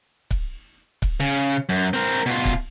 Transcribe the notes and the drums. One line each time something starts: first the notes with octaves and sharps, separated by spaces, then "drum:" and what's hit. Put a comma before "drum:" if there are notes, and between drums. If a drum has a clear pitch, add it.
drum: kick C#1
drum: kick C#1
C#3
F#2
C4 A#4
B2 F4
drum: kick C#1